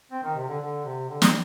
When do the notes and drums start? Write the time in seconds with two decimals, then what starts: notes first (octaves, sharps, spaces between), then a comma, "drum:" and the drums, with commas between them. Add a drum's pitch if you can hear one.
0.12 C4
0.23 D#3
0.36 C3
0.48 D3
0.60 D3
0.85 C3
1.09 D3
1.22 D#3, drum: snare